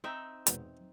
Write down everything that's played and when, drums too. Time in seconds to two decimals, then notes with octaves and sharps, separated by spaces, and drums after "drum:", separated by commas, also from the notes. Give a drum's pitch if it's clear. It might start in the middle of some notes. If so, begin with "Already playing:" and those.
0.04 C4 D#4 E5
0.47 E2 G#2 B2, drum: hi-hat